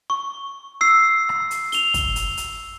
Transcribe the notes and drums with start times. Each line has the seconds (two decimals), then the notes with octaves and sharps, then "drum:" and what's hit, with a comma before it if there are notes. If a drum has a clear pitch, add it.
0.10 C#6
0.81 E6 C7
1.29 drum: rim click
1.51 drum: hi-hat
1.72 F7 G7, drum: hi-hat
1.94 drum: kick, hi-hat
2.16 drum: hi-hat
2.37 drum: hi-hat